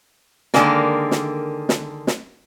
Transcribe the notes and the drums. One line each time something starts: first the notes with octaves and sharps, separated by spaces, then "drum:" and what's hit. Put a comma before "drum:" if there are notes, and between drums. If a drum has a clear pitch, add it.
D3 D#3 G#3 A#3 A#4, drum: snare
drum: snare
drum: snare
drum: snare